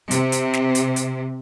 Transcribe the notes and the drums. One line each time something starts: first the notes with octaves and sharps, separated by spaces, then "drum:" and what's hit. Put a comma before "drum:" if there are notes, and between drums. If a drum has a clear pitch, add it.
C3, drum: hi-hat
drum: hi-hat
drum: snare
drum: hi-hat
drum: hi-hat